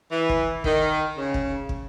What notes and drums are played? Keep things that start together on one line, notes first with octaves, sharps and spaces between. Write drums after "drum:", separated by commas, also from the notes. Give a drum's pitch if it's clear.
E3
drum: kick
D#3, drum: kick
C#3
drum: kick
drum: kick